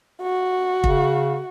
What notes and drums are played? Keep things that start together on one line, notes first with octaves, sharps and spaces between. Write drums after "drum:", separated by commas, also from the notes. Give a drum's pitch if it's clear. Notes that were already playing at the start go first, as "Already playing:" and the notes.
F#4
C#3, drum: kick